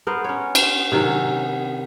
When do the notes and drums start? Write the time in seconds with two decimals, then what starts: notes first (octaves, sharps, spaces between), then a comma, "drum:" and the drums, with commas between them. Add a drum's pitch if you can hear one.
0.07 B3 A#4 C5
0.24 C#4 C#5
0.55 drum: cymbal
0.92 C3 D#3 F#3 C#4